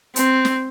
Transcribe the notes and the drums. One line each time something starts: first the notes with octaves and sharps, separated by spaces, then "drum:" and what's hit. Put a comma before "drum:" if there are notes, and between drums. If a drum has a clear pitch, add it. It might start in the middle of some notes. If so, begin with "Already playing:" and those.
C4, drum: hi-hat
drum: snare